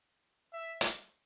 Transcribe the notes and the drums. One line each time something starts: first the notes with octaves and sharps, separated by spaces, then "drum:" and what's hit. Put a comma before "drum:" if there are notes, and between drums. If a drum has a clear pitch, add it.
E5
drum: hi-hat